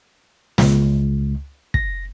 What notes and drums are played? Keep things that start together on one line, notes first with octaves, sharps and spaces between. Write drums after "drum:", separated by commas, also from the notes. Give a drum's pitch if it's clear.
C#2, drum: snare
A#6, drum: kick